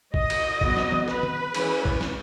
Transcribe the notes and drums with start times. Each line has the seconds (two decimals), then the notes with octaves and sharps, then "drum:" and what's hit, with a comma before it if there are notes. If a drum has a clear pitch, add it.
0.14 D#5, drum: kick A#1
0.30 drum: cymbal
0.61 F#3 B3, drum: kick A#1
0.77 drum: snare
0.92 drum: tom
1.08 B4, drum: snare
1.23 drum: tom
1.54 E3 G#3 C#4, drum: cymbal
1.85 drum: kick A#1
2.01 drum: snare